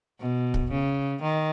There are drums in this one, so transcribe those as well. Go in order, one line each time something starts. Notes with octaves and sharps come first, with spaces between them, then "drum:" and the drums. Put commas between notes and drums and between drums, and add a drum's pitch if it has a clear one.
B2
drum: kick
C#3
D#3